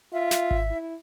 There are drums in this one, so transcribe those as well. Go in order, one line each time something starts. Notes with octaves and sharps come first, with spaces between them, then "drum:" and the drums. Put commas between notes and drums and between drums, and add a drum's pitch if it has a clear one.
F4 E5
drum: snare
drum: kick G#1
E4